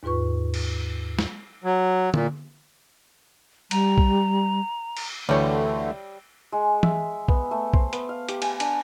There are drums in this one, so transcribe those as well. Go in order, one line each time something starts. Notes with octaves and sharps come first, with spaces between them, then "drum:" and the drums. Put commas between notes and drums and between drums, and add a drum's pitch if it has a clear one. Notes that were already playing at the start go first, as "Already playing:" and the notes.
D#2 G#2 F4 B4 C#6
drum: cymbal
drum: snare
F#3
A#2, drum: tom D3
G3 A#5, drum: cymbal
drum: kick B1
drum: cymbal
D2 D3 E3 G3 A3 C#5 G5
G#3
E5, drum: tom
B3, drum: kick B1
A3
C5, drum: kick B1
B3, drum: hi-hat
F5
G4, drum: hi-hat
G#5, drum: cymbal
D4, drum: cymbal